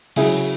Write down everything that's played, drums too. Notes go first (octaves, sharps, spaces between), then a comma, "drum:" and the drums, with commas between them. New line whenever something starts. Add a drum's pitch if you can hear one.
C#3 F#3 E4 G#4, drum: open hi-hat